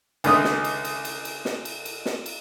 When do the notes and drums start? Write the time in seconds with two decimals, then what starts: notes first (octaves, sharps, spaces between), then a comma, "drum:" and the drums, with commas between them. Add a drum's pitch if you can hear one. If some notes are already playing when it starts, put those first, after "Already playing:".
0.24 C#2 D3 D#3 A3 D#5 D#6, drum: cymbal
0.44 drum: snare
0.64 drum: cymbal
0.85 drum: cymbal
1.05 drum: cymbal
1.25 drum: cymbal
1.45 drum: snare
1.65 drum: cymbal
1.85 drum: cymbal
2.06 drum: snare
2.26 drum: cymbal